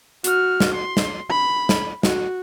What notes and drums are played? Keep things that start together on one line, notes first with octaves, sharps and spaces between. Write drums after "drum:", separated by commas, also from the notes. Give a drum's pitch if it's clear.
F#4 F6, drum: hi-hat
drum: snare
C6
drum: snare
B5
drum: snare
F#4, drum: snare